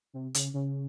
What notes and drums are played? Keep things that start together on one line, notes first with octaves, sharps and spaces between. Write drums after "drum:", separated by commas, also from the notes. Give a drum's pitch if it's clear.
C3
C#3, drum: hi-hat
C#3